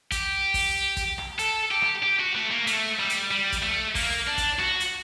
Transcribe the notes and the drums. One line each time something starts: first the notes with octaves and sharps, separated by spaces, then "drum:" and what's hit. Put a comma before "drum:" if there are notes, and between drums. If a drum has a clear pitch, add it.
G4, drum: kick, hi-hat
drum: kick, open hi-hat
drum: kick, hi-hat
drum: rim click
A4, drum: hi-hat
G4
drum: rim click
G4
F#4
A3
A#3
A3, drum: hi-hat
G3
drum: hi-hat
G3
drum: kick, hi-hat
A3
A#3, drum: kick, open hi-hat
D4
drum: kick, hi-hat
F#4, drum: rim click
drum: hi-hat